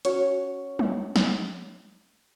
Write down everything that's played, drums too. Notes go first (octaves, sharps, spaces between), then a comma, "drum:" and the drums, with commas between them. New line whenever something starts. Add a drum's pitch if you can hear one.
C#4 F#4 C#5, drum: hi-hat
drum: tom
drum: snare